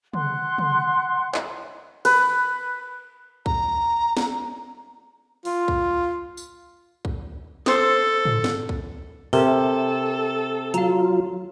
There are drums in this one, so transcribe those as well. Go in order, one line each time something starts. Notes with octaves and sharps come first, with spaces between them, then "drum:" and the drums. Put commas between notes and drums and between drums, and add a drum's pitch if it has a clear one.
F#5 C6 F#6, drum: tom
drum: tom
drum: clap
B4, drum: cymbal
A#5, drum: kick B1
drum: snare
F4, drum: open hi-hat
drum: kick B1
drum: tambourine
drum: kick B1
A4 C5 D#6, drum: snare
drum: tom
drum: snare
drum: kick B1
C3 A4 A#4 E5, drum: open hi-hat
F#3 F4 F5 A#5, drum: hi-hat